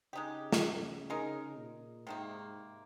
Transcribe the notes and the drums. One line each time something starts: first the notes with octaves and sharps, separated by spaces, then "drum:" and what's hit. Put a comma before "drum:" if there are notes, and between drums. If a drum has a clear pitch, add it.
C#3 G#3 D#4 G4
drum: snare
G#3 D#4 A#4
A#2
G#2 C3 D#3 A#3